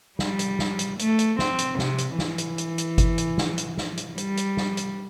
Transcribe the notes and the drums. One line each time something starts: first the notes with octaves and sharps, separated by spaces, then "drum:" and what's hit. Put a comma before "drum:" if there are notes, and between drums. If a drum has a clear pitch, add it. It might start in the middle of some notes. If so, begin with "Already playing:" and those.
G3, drum: snare
drum: hi-hat
drum: snare
drum: hi-hat
A3, drum: hi-hat
drum: hi-hat
C4, drum: snare
drum: hi-hat
C3, drum: snare
drum: hi-hat
E3, drum: snare
drum: hi-hat
drum: hi-hat
drum: hi-hat
drum: kick G1, hi-hat
drum: hi-hat
drum: snare
drum: hi-hat
drum: snare
drum: hi-hat
G3, drum: hi-hat
drum: hi-hat
drum: snare
drum: hi-hat